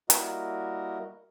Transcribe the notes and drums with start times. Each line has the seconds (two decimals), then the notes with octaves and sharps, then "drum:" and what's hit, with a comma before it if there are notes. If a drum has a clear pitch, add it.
0.10 G3 A#3 E4 F#4 A#4 D#5, drum: hi-hat